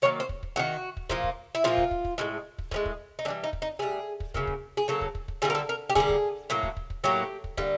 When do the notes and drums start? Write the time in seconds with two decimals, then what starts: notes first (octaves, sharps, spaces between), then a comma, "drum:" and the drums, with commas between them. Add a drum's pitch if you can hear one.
0.02 D#3 F#3 A#3 C#5
0.20 C5
0.29 drum: kick
0.43 drum: kick
0.56 D#3 F#3 A#3 F#4
0.97 drum: kick
1.10 A#2 F3 A#3, drum: kick
1.24 drum: kick
1.55 E4
1.64 A#2 F3 A#3 F4
1.78 drum: kick
1.91 drum: kick
2.05 drum: kick
2.18 A2 F3 G#3
2.58 drum: kick
2.71 A2 F3 G#3, drum: kick
2.85 drum: kick
3.19 D#4
3.25 A2 D4
3.28 E3 G3
3.44 D#4
3.53 drum: kick
3.62 D#4
3.79 A2 E3 G3 G#4
4.20 drum: kick
4.34 C#3 F#3 A#3, drum: kick
4.47 drum: kick
4.77 G#4
4.88 C#3 F#3 A#3 A4
5.01 drum: kick
5.15 drum: kick
5.28 drum: kick
5.42 D3 G3 A#3 G#4
5.50 A#4
5.55 A4
5.69 A#4
5.90 G4
5.95 D3 G3 A#3 G#4, drum: kick
6.09 drum: kick
6.50 A2 F#3 A#3
6.63 drum: kick
6.77 drum: kick
6.90 drum: kick
7.04 A2 F#3 A#3 G4
7.44 drum: kick
7.58 D3 G3 A#3, drum: kick